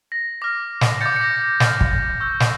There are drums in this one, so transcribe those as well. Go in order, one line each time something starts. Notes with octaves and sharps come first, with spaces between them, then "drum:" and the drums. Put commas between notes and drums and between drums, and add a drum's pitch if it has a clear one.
A#6
D6 F6 A#6
drum: snare
D6 G6 A6 C#7
C#7
A#6
C#7
A#6
D6 F6 A6, drum: snare
drum: kick
A6
C#6 E6 G6
drum: snare